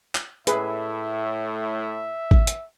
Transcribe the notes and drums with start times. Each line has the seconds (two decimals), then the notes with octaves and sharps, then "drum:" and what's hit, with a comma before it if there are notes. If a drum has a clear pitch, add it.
0.15 drum: clap
0.47 A2 G#4 B4 E5, drum: hi-hat
2.31 drum: kick G#1
2.47 drum: hi-hat